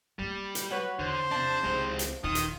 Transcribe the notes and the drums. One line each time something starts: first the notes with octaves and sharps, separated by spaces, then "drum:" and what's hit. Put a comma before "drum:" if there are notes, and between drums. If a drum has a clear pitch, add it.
G3 A3 A#3
drum: hi-hat
F#4 B4 C#5
E2 D3 C5
C3 F3 D4 A5
C#2 G#3 C4 E4
drum: hi-hat
D#1 D#3 F4 D#6
drum: hi-hat